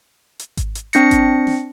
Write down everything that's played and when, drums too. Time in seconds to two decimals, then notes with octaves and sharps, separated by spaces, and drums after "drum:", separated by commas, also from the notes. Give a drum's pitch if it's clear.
0.39 drum: hi-hat
0.57 drum: kick G#1, hi-hat
0.75 drum: hi-hat
0.93 C4 D4 A#6 C#7, drum: hi-hat
1.11 drum: kick G#1, hi-hat
1.47 drum: snare